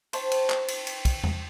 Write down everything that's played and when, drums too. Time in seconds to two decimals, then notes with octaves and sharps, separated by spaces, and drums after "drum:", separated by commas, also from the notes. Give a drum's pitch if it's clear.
0.13 C5 G5 A5 C#6, drum: cymbal
0.31 drum: cymbal
0.50 drum: clap
0.68 drum: cymbal
0.87 drum: cymbal
1.05 drum: kick, cymbal
1.24 drum: tom E2